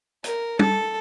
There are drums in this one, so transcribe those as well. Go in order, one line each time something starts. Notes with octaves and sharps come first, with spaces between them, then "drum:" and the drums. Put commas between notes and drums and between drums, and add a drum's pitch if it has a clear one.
A#4, drum: hi-hat
A4, drum: tom